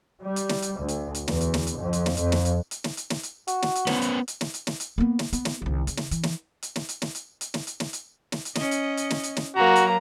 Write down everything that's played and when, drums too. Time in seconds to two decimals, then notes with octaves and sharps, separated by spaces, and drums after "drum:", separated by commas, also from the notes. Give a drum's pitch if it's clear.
0.23 G3
0.36 drum: hi-hat
0.49 drum: snare
0.62 drum: hi-hat
0.79 D2
0.88 drum: hi-hat
1.15 drum: hi-hat
1.28 E2, drum: snare
1.41 drum: hi-hat
1.54 drum: snare
1.67 drum: hi-hat
1.80 F2
1.93 drum: hi-hat
2.06 drum: snare
2.17 F2, drum: hi-hat
2.32 drum: snare
2.45 drum: hi-hat
2.71 drum: hi-hat
2.84 drum: snare
2.97 drum: hi-hat
3.10 drum: snare
3.23 drum: hi-hat
3.47 F#4, drum: hi-hat
3.62 drum: snare
3.75 drum: hi-hat
3.87 B3 C#4, drum: snare
4.02 drum: hi-hat
4.28 drum: hi-hat
4.41 drum: snare
4.54 drum: hi-hat
4.67 drum: snare
4.80 drum: hi-hat
4.98 A#3 B3
5.19 drum: snare
5.33 B3, drum: hi-hat
5.45 drum: snare
5.62 C2 D#3
5.87 C#3, drum: hi-hat
5.97 drum: snare
6.11 E3, drum: hi-hat
6.23 drum: snare
6.63 drum: hi-hat
6.76 drum: snare
6.89 drum: hi-hat
7.02 drum: snare
7.15 drum: hi-hat
7.41 drum: hi-hat
7.54 drum: snare
7.67 drum: hi-hat
7.80 drum: snare
7.93 drum: hi-hat
8.32 drum: snare
8.45 drum: hi-hat
8.55 C#4 D#5, drum: snare
8.71 drum: hi-hat
8.97 drum: hi-hat
9.10 drum: snare
9.23 drum: hi-hat
9.37 drum: snare
9.56 F#3 A#3 F#4 A#5
9.76 drum: hi-hat